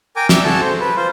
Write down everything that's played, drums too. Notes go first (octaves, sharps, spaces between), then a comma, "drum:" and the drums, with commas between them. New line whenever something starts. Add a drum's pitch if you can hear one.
A#4 G5 G#5 D6
D5 E5, drum: snare
F#4 G#4 A4 A5 E6
C5
B4
F4 C5